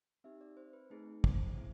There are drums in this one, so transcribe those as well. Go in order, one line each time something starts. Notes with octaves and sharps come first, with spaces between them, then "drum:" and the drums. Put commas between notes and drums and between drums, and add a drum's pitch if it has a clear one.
C4 D#4 G4 E5
D5
C5
B4
A3 C4 D#4 G#4 B4
C5, drum: kick
B3 E4